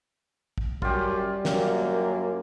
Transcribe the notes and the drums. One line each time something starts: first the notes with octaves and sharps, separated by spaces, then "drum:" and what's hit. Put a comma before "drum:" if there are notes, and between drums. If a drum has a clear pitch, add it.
drum: kick
F#2 G3 F4 G4, drum: kick
F#2 A#3, drum: snare